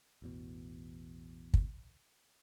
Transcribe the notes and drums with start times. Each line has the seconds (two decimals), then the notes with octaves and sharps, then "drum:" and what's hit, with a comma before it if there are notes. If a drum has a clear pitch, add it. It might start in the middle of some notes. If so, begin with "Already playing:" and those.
0.22 A1 E2 B2
1.54 drum: kick